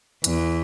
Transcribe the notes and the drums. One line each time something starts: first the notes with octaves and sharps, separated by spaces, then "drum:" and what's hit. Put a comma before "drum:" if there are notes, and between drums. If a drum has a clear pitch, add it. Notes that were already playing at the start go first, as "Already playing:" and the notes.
E2, drum: hi-hat